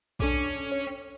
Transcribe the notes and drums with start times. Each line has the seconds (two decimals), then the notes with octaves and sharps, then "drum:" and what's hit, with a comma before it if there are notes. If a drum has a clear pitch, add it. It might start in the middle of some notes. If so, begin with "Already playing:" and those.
0.20 C#4 D4 A4 D6, drum: kick B1
0.72 C#5